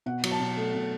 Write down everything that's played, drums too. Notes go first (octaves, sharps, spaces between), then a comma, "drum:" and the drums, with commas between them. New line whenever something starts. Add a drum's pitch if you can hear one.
B2 F#5
F#3, drum: cymbal
A5
B2
A3
B2